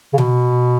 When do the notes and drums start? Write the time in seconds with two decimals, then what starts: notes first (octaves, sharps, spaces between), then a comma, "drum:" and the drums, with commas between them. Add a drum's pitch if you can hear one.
0.14 C#3
0.18 B2, drum: tom B2